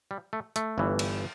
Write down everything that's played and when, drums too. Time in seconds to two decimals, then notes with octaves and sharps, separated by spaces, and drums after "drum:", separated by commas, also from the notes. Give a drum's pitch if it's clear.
0.11 G3
0.33 A3
0.56 A3, drum: hi-hat
0.78 G1 G2 E3
0.99 drum: cymbal